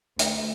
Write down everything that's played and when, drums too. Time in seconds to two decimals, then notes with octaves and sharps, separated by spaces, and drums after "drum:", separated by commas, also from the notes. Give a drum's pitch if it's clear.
0.19 D2, drum: hi-hat